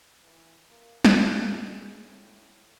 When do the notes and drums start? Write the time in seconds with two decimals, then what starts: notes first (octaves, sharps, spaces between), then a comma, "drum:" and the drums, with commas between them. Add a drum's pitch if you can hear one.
0.23 E3
0.70 A#3
1.05 C#4, drum: snare
1.35 F#4
1.70 G#4
2.02 A2